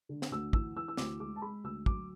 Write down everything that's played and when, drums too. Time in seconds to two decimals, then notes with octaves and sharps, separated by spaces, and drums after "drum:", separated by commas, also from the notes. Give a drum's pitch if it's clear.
0.09 D3
0.22 drum: snare
0.31 D2 E6
0.53 E3 E6, drum: kick
0.77 E3 E6
0.88 E6
0.97 D2 D6, drum: snare
1.20 G#3 D6
1.36 A5
1.42 G#3 B5
1.64 D2 E6
1.86 F#3 D6, drum: kick